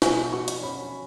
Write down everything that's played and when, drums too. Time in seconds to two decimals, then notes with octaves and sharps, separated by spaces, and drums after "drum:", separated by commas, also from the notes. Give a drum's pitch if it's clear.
0.02 B2 G#5, drum: snare
0.32 F#4 C#6
0.48 drum: hi-hat
0.63 C#4 B5